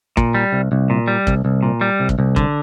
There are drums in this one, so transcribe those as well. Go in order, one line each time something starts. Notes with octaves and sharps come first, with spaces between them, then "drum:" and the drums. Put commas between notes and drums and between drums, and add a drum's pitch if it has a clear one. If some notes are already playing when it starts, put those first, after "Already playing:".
A#2, drum: kick
G3
C2
C2
A#2
G3
C2, drum: kick
C2
A#2
G3
C2
drum: kick
C2
D3, drum: kick